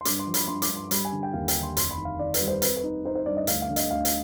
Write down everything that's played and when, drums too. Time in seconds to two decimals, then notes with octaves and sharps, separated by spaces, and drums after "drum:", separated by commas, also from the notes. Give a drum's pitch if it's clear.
0.01 C6
0.05 G2 D6, drum: hi-hat
0.19 C6
0.27 F3
0.34 B5, drum: hi-hat
0.48 G2 C6
0.62 D6, drum: hi-hat
0.69 G2
0.76 C6
0.91 G3 B5, drum: hi-hat
1.05 G#5
1.12 D3
1.23 G5
1.33 D#2 F5
1.48 G5, drum: hi-hat
1.55 D3
1.63 C6
1.77 F1 C6, drum: hi-hat
1.91 B5
1.98 D#3
2.05 F5
2.19 D#3 D5
2.34 B4, drum: hi-hat
2.41 G3
2.48 C5
2.62 C4 B4, drum: hi-hat
2.77 B4
2.84 D#4
3.05 D#4 C5
3.15 C5
3.26 G2 D5
3.37 D#5
3.47 D2 F5, drum: hi-hat
3.62 F5
3.69 D3
3.76 D#5, drum: hi-hat
3.91 D2 F5
4.05 drum: hi-hat